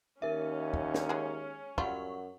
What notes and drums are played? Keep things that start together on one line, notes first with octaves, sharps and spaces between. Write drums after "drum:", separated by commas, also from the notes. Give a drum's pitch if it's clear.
D#2 C#4 A#4 E5
drum: kick
drum: snare
G#3 G#4
F#2 G3 F4 F#5 C#6, drum: kick